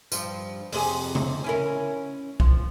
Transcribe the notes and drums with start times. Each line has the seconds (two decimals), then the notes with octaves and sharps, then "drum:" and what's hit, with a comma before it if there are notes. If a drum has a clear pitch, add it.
0.12 G2 F3, drum: tambourine
0.73 F2 C3 G#4, drum: open hi-hat
1.15 drum: tom C3
1.44 C#4 E4 A#4
2.40 F3, drum: kick C2